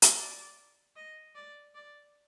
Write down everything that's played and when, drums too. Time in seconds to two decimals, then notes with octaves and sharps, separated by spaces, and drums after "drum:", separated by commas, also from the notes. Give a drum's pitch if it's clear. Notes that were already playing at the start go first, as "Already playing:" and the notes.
0.02 drum: hi-hat
0.17 D5
0.96 D#5
1.35 D5
1.75 D5